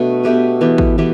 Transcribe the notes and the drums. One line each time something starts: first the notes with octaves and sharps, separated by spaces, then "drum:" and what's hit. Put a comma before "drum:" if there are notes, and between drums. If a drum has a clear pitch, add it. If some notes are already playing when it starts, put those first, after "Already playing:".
Already playing: B2 A3 D4 A4
B2 A3 G4 B4
E3 B3 G4
drum: kick
E3 B3 G4